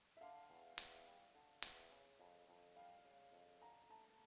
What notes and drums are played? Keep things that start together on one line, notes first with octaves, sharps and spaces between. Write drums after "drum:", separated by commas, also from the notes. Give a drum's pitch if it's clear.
E5
D3 F5
E2
E2, drum: hi-hat
G3
D3
E2, drum: hi-hat
C#3
F2
F2
G3 F5
C#3
F2
D3 A#5
A3 A5